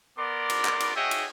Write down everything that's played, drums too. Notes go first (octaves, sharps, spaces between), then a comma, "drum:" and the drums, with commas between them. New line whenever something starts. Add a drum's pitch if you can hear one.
B3 A#4 D5 C6 D6
drum: cymbal
drum: clap
drum: cymbal
F#4 G#4 C#5 D#5 E5 G5
drum: cymbal